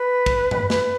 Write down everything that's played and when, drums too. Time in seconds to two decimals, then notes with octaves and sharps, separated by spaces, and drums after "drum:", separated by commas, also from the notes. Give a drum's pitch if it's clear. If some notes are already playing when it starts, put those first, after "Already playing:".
Already playing: B4
0.26 drum: kick
0.51 drum: tom F#2
0.70 B4, drum: snare